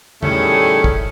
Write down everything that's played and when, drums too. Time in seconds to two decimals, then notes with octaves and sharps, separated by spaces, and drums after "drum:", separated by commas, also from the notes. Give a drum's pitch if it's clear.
0.23 A2 D#3 G3 A3 C#4 G#4, drum: tom
0.84 drum: kick